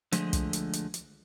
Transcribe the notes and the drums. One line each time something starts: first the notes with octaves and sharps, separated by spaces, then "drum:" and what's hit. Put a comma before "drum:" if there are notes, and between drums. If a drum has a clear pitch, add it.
D3 F3 G#3 A3, drum: hi-hat
drum: kick, hi-hat
drum: hi-hat
drum: hi-hat
drum: hi-hat